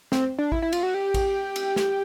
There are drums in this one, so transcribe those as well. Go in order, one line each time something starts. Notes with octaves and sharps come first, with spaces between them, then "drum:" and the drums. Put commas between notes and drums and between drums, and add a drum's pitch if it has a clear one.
C4, drum: snare
D4
E4, drum: kick A1
E4
F4, drum: cymbal
F#4
G4
drum: kick A1, cymbal
drum: cymbal
drum: snare